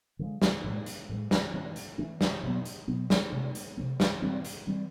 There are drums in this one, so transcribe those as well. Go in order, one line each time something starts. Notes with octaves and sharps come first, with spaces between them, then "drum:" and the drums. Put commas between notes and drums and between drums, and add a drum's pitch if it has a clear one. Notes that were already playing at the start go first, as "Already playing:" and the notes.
D3 F3 G#3
drum: snare
A2 F3 G#3
drum: hi-hat
A2 F3 G#3
drum: snare
E3 A3 C#4
drum: hi-hat
E3 A3 C#4
drum: snare
B2 F#3 B3
drum: hi-hat
B2 F#3 B3
drum: snare
C3 F3 A3
drum: hi-hat
C3 F3 A3
drum: snare
E3 G3 C4
drum: hi-hat
E3 G3 C4